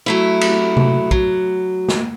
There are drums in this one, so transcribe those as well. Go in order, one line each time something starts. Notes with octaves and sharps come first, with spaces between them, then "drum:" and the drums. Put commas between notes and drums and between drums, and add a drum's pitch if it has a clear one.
F#3 A3 E4
drum: cymbal
drum: tom C3
F#3, drum: kick
drum: snare